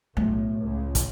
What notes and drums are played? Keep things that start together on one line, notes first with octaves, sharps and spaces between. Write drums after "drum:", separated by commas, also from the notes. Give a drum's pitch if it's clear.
B1 A2 A3
C#2
drum: kick, hi-hat